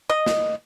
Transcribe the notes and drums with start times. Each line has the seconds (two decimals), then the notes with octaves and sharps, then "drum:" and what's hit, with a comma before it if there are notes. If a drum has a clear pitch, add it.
0.10 D#5
0.26 drum: snare